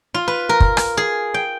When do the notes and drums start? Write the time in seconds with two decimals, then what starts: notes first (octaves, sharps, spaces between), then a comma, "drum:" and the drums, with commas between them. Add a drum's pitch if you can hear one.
0.14 F4
0.28 B4
0.49 A#4
0.60 drum: kick
0.77 drum: rim click
0.97 G#4
1.34 G5